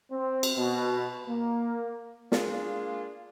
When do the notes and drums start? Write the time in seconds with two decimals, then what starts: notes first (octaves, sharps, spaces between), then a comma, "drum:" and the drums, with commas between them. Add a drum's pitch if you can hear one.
0.11 C4
0.43 drum: cymbal
0.56 B2
1.27 A#3
2.32 G#3 A#3 D4 F4 G#4 F5, drum: snare